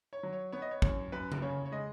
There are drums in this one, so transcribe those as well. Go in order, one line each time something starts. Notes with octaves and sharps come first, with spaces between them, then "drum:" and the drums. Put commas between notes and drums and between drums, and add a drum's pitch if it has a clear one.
C#5
F#3
C#5
B3 C#5
D#5
C#5
F#2 C#5, drum: kick
F#2 B4
drum: tom C#3
C#3 C#5
C#5
G#3 D#5